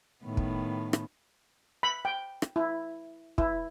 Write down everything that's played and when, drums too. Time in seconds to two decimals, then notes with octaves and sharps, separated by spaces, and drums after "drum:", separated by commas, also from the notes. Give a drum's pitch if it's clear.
0.24 A2 D#3 B3
0.37 drum: kick
0.93 drum: rim click
1.83 B5
2.05 G5
2.42 drum: rim click
2.56 E4
3.38 E4, drum: kick